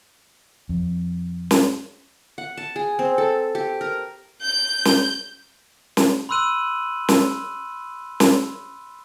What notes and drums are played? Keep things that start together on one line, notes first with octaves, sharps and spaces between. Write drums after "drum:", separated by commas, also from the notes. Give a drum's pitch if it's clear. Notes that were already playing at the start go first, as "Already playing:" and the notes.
F2
drum: snare
F#5
A5
G#4
C4
A4
G4
A#4
G6
drum: snare
drum: snare
B5 C6 E6 F#6 D#7 F#7
drum: snare
drum: snare